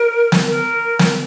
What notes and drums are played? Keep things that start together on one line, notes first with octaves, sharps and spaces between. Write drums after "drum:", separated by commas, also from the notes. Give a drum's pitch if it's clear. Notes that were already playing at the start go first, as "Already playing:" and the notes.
Already playing: A#4
drum: snare
A#4
drum: snare